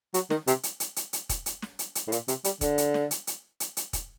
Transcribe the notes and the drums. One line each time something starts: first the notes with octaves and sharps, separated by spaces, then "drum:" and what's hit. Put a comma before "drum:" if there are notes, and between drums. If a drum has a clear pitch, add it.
F#3, drum: hi-hat
D#3, drum: snare
C3, drum: hi-hat
drum: hi-hat
drum: hi-hat
drum: hi-hat
drum: hi-hat
drum: kick, hi-hat
drum: hi-hat
drum: snare
drum: hi-hat
drum: hi-hat
A2
A#2, drum: hi-hat
C3, drum: hi-hat
G3, drum: hi-hat
D3, drum: kick, hi-hat
drum: hi-hat
drum: snare
drum: hi-hat
drum: hi-hat
drum: hi-hat
drum: hi-hat
drum: kick, hi-hat